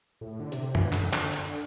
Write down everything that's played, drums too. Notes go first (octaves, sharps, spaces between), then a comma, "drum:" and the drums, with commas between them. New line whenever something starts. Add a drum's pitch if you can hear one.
A2
D3
C3, drum: hi-hat
E3, drum: tom F#2
D3
drum: clap
drum: clap
drum: hi-hat